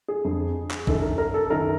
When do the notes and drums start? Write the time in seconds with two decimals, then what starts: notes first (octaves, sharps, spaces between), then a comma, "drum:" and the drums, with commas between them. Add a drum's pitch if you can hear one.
0.08 G#4
0.25 F2 D3
0.71 drum: clap
0.87 F#2 D#3 A4, drum: kick A#1
1.02 A#4
1.18 A#4
1.34 A4
1.50 F#2 D#3 A#4